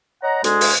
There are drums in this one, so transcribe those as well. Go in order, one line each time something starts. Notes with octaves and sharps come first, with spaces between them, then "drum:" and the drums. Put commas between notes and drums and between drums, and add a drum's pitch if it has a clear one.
C#5 D#5 F#5 A#5
D2 G#3, drum: hi-hat
drum: open hi-hat